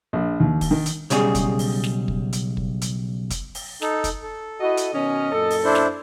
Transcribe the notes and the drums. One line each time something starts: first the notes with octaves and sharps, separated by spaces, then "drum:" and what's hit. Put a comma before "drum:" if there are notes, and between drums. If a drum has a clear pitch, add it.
A#1
D#2
drum: kick, open hi-hat
D#3
drum: hi-hat
B1 C#3 G3 G#4, drum: hi-hat
drum: kick, hi-hat
drum: open hi-hat
drum: snare
drum: kick
drum: hi-hat
drum: kick
drum: hi-hat
drum: kick, hi-hat
drum: open hi-hat
D#4 A4, drum: snare
drum: kick, hi-hat
A4
E4 F#4 D#5
drum: hi-hat
B2 D#3 C#4 D#5
F#2 A#2 A4
drum: open hi-hat
D4 E4 C5
drum: snare